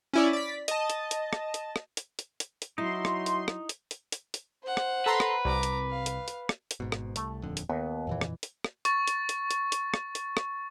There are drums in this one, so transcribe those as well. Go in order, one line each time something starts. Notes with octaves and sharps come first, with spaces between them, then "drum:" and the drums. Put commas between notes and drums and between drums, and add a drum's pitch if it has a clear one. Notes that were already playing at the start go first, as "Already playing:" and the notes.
C#4 E4 D5
D5 B6
D#5 A5, drum: hi-hat
drum: hi-hat
drum: hi-hat
drum: rim click
drum: hi-hat
drum: rim click
drum: hi-hat
drum: hi-hat
drum: hi-hat
drum: hi-hat
F#3 D#4 E4 C6
drum: rim click
drum: hi-hat
drum: rim click
drum: hi-hat
drum: hi-hat
drum: hi-hat
drum: hi-hat
C5 F#5
drum: rim click
A4 B4 A#5 C6
drum: rim click
C2 A#5 D6
drum: hi-hat
F5
drum: hi-hat
drum: hi-hat
drum: rim click
drum: hi-hat
G#1 G#2 B2
drum: rim click
C2 A3, drum: hi-hat
D#1 F2 D3
drum: hi-hat
D#2 B3
F2 A#2 E3
drum: rim click
drum: hi-hat
drum: rim click
C#6 A6, drum: hi-hat
drum: hi-hat
drum: hi-hat
drum: hi-hat
drum: hi-hat
drum: rim click
drum: hi-hat
drum: rim click